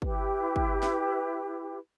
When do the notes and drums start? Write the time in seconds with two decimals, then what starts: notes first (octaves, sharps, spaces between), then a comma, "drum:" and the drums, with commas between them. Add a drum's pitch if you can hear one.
0.02 E4 G4 B4, drum: kick
0.56 drum: kick
0.83 drum: snare